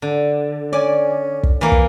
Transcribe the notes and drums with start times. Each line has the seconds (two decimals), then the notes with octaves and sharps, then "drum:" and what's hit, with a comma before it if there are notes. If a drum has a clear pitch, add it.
0.02 D3
0.73 C#4 D5 G#5
1.43 drum: kick
1.61 E3 A#3
1.72 drum: kick